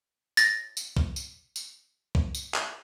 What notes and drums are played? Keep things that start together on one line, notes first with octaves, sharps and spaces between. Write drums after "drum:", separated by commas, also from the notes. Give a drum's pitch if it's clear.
A6 A#6, drum: tambourine
drum: tambourine
drum: kick
drum: tambourine
drum: tambourine
drum: kick
drum: tambourine
drum: clap